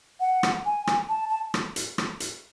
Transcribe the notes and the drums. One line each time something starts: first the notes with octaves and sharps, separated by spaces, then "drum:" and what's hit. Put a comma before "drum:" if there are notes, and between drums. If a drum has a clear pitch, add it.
F#5
drum: rim click
G#5
drum: rim click
A5
A5
drum: rim click
drum: hi-hat
drum: rim click
drum: hi-hat